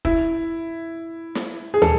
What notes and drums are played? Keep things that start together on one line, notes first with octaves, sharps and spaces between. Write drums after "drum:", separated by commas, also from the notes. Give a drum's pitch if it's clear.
E4, drum: kick F1
drum: snare
G#4
A4, drum: tom